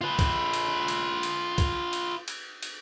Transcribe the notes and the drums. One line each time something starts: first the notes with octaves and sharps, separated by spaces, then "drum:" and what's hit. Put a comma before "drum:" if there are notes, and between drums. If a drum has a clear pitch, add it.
F4 B4
drum: kick C2, cymbal
drum: cymbal
drum: cymbal
drum: cymbal
drum: kick C2, cymbal
drum: cymbal
drum: cymbal
drum: cymbal